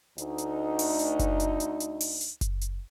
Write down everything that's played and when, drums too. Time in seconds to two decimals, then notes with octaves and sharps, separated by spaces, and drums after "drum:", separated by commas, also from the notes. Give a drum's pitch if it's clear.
0.18 D2 D#4, drum: hi-hat
0.38 drum: hi-hat
0.79 drum: open hi-hat
0.99 drum: hi-hat
1.19 drum: kick F#1, hi-hat
1.40 drum: hi-hat
1.60 drum: hi-hat
1.80 drum: hi-hat
2.01 drum: open hi-hat
2.21 drum: hi-hat
2.41 drum: kick F#1, hi-hat
2.61 drum: hi-hat